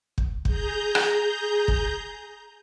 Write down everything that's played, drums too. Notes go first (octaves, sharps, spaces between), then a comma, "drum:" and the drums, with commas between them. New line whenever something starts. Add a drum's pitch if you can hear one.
drum: kick
G#4 A#5 G6, drum: kick
drum: rim click
drum: kick